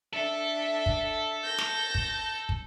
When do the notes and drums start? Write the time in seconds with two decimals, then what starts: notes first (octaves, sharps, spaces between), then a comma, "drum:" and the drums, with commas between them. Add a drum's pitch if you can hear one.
0.14 D4 A4 E5
0.86 drum: kick
1.43 G6 A#6
1.58 drum: snare
1.95 drum: kick
2.49 drum: kick